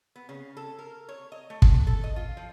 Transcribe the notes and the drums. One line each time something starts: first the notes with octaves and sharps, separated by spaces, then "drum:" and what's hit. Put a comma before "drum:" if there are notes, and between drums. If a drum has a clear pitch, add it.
B3
C#3
A4
A#4
C#5
D#5
A3
drum: kick
A4
D#5
F4
F3